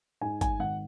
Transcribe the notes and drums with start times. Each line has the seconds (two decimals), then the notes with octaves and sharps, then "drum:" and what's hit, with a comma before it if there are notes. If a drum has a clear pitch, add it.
0.21 G#2 G#5
0.41 G#5, drum: kick G#1, hi-hat
0.59 G#1 F#5